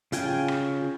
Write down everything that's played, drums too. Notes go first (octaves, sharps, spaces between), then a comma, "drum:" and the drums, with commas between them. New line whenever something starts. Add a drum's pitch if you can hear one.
C#3 F4 G5 G#5, drum: hi-hat
drum: rim click